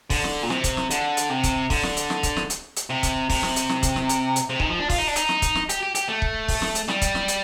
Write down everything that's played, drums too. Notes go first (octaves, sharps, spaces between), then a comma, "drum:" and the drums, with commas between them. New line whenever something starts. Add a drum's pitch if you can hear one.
D3, drum: kick, open hi-hat
drum: snare
A#2
C3, drum: snare
drum: kick, hi-hat
drum: snare
D3, drum: hi-hat
drum: hi-hat
C3
drum: kick, hi-hat
D3, drum: kick, open hi-hat
drum: snare
drum: hi-hat
drum: snare
drum: kick, hi-hat
drum: snare
drum: hi-hat
drum: hi-hat
C3
drum: kick, hi-hat
C3, drum: kick, open hi-hat
drum: snare
drum: hi-hat
drum: snare
drum: kick, hi-hat
drum: snare
drum: hi-hat
drum: hi-hat
C3
D#3, drum: kick
F3
D4
F4, drum: kick, open hi-hat
D#4
D4
D#4, drum: hi-hat
drum: snare
drum: kick, hi-hat
drum: snare
G4, drum: hi-hat
G4
G4, drum: hi-hat
A3
drum: kick
drum: kick, open hi-hat
drum: snare
drum: hi-hat
G3, drum: snare
drum: kick, hi-hat
drum: snare
drum: hi-hat